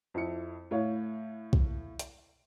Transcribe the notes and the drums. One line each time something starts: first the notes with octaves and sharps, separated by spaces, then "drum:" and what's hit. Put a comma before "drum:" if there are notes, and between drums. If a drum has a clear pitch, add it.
F2 E4 C#7
A2 C#5 F5
drum: kick B1
drum: hi-hat